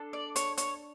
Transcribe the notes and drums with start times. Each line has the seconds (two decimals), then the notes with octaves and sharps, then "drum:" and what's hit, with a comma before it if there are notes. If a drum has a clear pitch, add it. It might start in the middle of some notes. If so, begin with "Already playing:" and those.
Already playing: D4 A4
0.13 D5
0.36 C#5, drum: hi-hat
0.57 C#5, drum: hi-hat